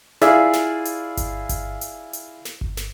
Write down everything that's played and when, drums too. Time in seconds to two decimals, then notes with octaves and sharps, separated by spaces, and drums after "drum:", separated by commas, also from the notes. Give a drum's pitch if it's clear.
0.21 E4 F4 G#4 D5 E5 F5, drum: snare
0.53 drum: snare
0.85 drum: hi-hat
1.17 drum: kick G1, hi-hat
1.49 drum: kick G1, hi-hat
1.81 drum: hi-hat
2.13 drum: hi-hat
2.45 drum: snare
2.61 drum: kick G1
2.77 drum: snare